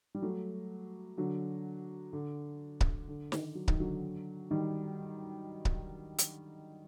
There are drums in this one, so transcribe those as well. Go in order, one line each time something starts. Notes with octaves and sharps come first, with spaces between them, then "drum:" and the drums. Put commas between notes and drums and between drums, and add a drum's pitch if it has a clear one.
G3
F#3 A3
D3 F#3
D3
drum: kick C#1
D3
D#3, drum: snare
F#3
D#3, drum: kick C#1
D3 F#3
D#3 G3
drum: kick C#1
drum: hi-hat